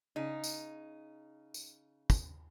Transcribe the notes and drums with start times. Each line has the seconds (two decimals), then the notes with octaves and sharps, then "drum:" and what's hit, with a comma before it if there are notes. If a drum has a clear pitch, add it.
0.16 C#3 D#4
0.44 drum: tambourine
1.54 drum: tambourine
2.10 drum: kick, tambourine